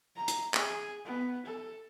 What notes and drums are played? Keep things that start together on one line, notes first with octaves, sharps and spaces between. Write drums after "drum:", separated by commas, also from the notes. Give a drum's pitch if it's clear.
A#5
drum: hi-hat
G#4, drum: clap
B3
A4